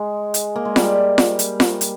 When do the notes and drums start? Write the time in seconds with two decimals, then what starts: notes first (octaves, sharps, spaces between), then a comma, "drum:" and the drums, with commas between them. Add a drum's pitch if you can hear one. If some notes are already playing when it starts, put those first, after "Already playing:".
Already playing: G#3
0.34 drum: hi-hat
0.56 A#3
0.65 G#3
0.76 G3, drum: snare F4
1.18 drum: snare F4
1.39 drum: hi-hat
1.60 drum: snare F4
1.81 drum: hi-hat